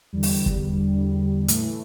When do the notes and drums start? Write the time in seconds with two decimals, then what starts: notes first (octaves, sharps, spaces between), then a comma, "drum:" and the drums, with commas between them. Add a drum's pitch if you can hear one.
0.12 E2 D3 G3
0.23 drum: open hi-hat
0.46 drum: kick
1.48 A2 E3 A3, drum: hi-hat